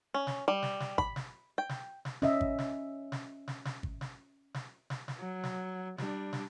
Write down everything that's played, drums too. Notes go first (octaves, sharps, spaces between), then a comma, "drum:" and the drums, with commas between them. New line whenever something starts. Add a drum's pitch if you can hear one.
C#4
drum: snare
G3
drum: snare
drum: snare
B5, drum: kick
drum: snare
G5
drum: snare
drum: snare
C#4 D#5 E5, drum: snare
drum: kick
drum: snare
drum: snare
drum: snare
drum: snare
drum: kick
drum: snare
drum: snare
drum: snare
drum: snare
F#3
drum: snare
G3 D4, drum: snare
drum: snare